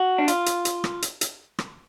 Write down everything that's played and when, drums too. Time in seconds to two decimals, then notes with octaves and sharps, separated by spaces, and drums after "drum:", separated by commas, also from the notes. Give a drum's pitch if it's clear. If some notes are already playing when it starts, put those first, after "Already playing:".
Already playing: F#4
0.18 D4
0.28 F4, drum: hi-hat
0.46 drum: hi-hat
0.65 drum: hi-hat
0.84 drum: rim click
1.02 drum: hi-hat
1.21 drum: hi-hat
1.59 drum: rim click